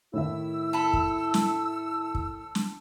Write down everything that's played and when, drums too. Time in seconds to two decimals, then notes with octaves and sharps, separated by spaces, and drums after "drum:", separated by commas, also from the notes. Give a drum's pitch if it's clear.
0.14 A2 D#3 E4 E5 E6
0.73 A4 B5
0.93 drum: kick
1.34 drum: snare
2.15 drum: kick
2.55 drum: snare